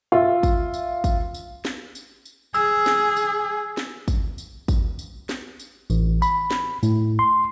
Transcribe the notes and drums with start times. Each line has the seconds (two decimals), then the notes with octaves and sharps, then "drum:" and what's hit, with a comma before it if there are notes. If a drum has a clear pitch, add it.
0.12 F4 E5
0.43 drum: kick, tambourine
0.74 drum: tambourine
1.04 drum: kick, tambourine
1.34 drum: tambourine
1.65 drum: snare
1.95 drum: tambourine
2.25 drum: tambourine
2.54 G#4 E6, drum: tambourine
2.86 drum: snare
3.17 drum: tambourine
3.77 drum: snare
4.08 drum: kick, tambourine
4.38 drum: tambourine
4.68 drum: kick, tambourine
4.99 drum: tambourine
5.29 drum: snare
5.60 drum: tambourine
5.90 A1, drum: tambourine
6.22 B5, drum: tambourine
6.51 drum: snare
6.83 A2, drum: tambourine
7.19 C6